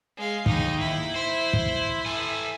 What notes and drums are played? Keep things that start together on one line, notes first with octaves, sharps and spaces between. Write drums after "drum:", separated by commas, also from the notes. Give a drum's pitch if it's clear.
G#3 F5
D#2 D#4, drum: kick
E4
C5
drum: kick
A4 G#5